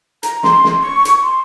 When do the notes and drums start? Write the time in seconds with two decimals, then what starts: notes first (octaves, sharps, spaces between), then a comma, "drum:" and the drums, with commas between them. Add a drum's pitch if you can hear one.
0.23 A#5, drum: hi-hat
0.43 C6, drum: snare
0.64 drum: snare
0.82 C#6
1.05 drum: hi-hat
1.22 C6